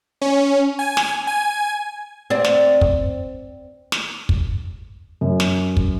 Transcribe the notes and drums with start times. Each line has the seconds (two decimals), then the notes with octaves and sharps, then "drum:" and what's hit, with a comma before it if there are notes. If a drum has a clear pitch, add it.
0.22 C#4
0.79 G#5
0.97 drum: snare
1.27 G#5
2.30 C4 D5
2.45 drum: snare
2.81 drum: kick
3.92 drum: snare
4.29 drum: kick
5.21 F#2
5.40 drum: snare
5.77 drum: kick